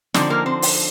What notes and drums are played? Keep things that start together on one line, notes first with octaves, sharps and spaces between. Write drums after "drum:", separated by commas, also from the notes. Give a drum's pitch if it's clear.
D3 F3 C4 D4 D#4 D5, drum: snare
A#3 A#4
C4 C5
drum: open hi-hat